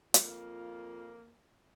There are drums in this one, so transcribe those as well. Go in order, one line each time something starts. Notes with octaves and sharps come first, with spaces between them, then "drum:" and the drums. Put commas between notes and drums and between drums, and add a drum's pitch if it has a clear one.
F2 A#3 F4, drum: hi-hat